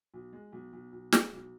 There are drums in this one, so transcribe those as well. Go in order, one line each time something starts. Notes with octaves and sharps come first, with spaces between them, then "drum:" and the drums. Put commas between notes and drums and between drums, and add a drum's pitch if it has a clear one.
B1
G#3
B1
B1
B1
G#3, drum: snare
B1